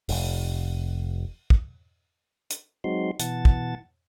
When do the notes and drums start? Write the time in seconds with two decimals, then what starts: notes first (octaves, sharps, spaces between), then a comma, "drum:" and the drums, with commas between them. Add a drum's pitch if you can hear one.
0.09 F1, drum: open hi-hat
1.50 drum: kick
2.51 drum: hi-hat
2.84 F#3 G#3 C4 D#4 F#4 C6
3.20 B2 E3 F#5 A5 A6, drum: hi-hat
3.45 drum: kick